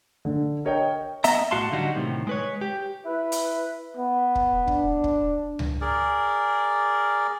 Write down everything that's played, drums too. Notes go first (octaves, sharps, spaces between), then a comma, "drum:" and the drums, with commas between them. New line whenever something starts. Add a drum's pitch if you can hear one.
D3
A#4 C#5 D#5 G5
B3 D#5 E5 A#5, drum: hi-hat
B1 A2 F#4 F5 A5 C6
D3 F#3 G3 D#4 F#4
A2 C3 D#3
G#3 B4 C#5
G4
E4 B4
drum: hi-hat
B3
drum: kick
D4, drum: kick
drum: kick
drum: tom C#2
G#4 A#4 D5